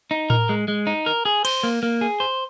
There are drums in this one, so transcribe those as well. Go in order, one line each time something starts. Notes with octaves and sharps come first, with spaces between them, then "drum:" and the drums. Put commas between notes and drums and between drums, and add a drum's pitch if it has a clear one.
D#4
A#4, drum: tom A2
G#3
G#3
D#4
A#4
G#4
C5, drum: cymbal
A#3
A#3
G#4
C5